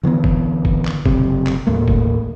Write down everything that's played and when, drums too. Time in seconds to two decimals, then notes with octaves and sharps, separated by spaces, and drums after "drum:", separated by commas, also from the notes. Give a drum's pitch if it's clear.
0.03 D3 E3 A#3 B3
0.24 drum: kick
0.65 drum: kick
0.85 drum: clap
1.06 F#1 C3, drum: kick
1.47 drum: clap
1.67 D#2 A2 A3 A#3
1.88 drum: kick